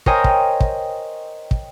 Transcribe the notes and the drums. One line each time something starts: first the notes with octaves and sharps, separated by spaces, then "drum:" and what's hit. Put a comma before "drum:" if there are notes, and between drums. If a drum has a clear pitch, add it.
A#4 C5 C#5 D#5 G5 G#5, drum: kick
drum: kick
drum: kick
drum: kick